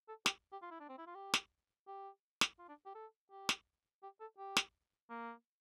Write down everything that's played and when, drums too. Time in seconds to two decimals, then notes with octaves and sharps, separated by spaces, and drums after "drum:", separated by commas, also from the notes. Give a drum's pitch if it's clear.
0.08 A4
0.26 G4, drum: snare
0.52 G4
0.62 F4
0.71 E4
0.80 D4
0.89 C4
0.98 E4
1.07 F4
1.15 G4
1.34 drum: snare
1.87 G4
2.41 drum: snare
2.59 F4
2.68 D4
2.86 G4
2.95 A4
3.31 G4
3.49 drum: snare
4.03 G4
4.20 A4
4.38 G4
4.57 drum: snare
5.10 A#3